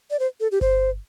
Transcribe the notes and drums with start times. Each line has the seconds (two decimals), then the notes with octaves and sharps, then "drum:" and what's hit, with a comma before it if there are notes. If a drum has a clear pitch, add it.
0.11 D5
0.19 C5
0.40 A4
0.52 G4
0.61 C5, drum: kick G1